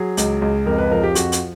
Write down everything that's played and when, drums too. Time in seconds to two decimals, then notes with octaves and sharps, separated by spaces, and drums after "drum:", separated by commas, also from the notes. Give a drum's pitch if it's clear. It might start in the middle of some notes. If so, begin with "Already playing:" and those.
Already playing: F#3 G#4
0.17 C#2, drum: hi-hat
0.42 C#2
0.66 F2 A#4
0.78 B4
0.91 F3 A#4
1.03 G4
1.15 F2 F#4, drum: hi-hat
1.32 drum: hi-hat